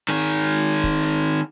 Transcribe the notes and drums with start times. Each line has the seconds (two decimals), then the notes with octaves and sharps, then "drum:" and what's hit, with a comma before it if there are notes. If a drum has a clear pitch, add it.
0.09 D#3 G#4
0.84 drum: kick
1.02 drum: hi-hat